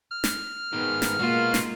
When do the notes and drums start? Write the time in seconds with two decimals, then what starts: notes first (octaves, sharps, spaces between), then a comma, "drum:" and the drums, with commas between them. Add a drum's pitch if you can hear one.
0.11 F6
0.24 drum: snare
0.73 G#2 D#3 B3
1.02 drum: snare
1.19 G#3 A#3 B3 F4 F#4
1.54 drum: snare